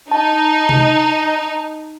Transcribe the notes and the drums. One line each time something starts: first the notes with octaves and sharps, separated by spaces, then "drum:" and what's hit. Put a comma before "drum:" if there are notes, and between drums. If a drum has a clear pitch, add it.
D#4 A5
drum: tom C3